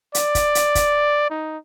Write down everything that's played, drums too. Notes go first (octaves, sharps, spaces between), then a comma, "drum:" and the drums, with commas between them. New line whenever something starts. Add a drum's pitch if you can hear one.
D5, drum: hi-hat
drum: kick, hi-hat
drum: hi-hat
drum: kick, hi-hat
D#4